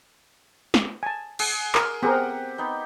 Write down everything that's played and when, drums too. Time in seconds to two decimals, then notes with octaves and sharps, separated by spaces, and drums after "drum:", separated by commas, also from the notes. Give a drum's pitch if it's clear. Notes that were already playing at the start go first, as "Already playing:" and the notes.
0.74 drum: snare
1.03 G#5 A5
1.39 G#4 F#5, drum: cymbal
1.75 A#4, drum: clap
2.02 B3 C4 G4 G#4 A#4 F#5
2.58 B3 D#4 G5